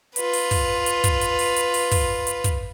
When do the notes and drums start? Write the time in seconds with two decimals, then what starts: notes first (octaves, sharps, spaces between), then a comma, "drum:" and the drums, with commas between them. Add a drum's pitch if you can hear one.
0.16 F4 B4, drum: hi-hat
0.33 drum: open hi-hat
0.51 drum: kick, open hi-hat
0.86 drum: hi-hat
1.04 drum: kick, hi-hat
1.21 drum: hi-hat
1.39 drum: open hi-hat
1.56 drum: hi-hat
1.74 drum: open hi-hat
1.92 drum: kick, open hi-hat
2.27 drum: hi-hat
2.44 drum: kick, hi-hat